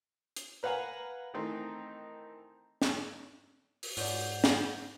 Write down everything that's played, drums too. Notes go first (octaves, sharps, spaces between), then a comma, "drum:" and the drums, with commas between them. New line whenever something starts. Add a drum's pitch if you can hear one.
drum: hi-hat
A#4 B4 F5 F#5 G#5 A#5
D#3 E3 A3 C4 D#4
drum: snare
drum: open hi-hat
G#2 C#5 D5 F#5 G6, drum: open hi-hat
drum: snare